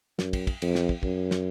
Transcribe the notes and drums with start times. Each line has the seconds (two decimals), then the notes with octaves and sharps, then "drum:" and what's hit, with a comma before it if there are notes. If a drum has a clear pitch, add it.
0.19 F#2, drum: snare
0.33 drum: kick, cymbal
0.47 drum: kick, cymbal
0.62 F2, drum: cymbal
0.75 drum: snare
0.89 drum: kick
1.03 F#2, drum: kick
1.31 drum: snare